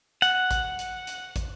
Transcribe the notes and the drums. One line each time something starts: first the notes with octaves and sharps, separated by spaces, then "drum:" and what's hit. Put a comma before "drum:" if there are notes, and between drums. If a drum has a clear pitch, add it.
F#5, drum: hi-hat
drum: kick, hi-hat
drum: hi-hat
drum: hi-hat
drum: kick, hi-hat